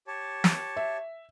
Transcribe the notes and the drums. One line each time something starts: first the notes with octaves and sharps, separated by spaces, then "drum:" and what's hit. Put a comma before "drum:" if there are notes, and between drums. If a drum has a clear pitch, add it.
G4 C#5 A5
drum: snare
E5